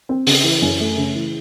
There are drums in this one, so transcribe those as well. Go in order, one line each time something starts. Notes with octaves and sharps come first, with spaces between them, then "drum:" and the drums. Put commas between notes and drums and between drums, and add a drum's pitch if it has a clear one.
C4
C#3, drum: open hi-hat
E3
F#2
A3
C#3
E3